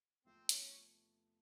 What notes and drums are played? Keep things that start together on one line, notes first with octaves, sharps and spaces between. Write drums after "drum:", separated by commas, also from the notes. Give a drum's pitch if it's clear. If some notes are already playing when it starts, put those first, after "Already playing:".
E2 C3 F3 A3 C4
C#4, drum: hi-hat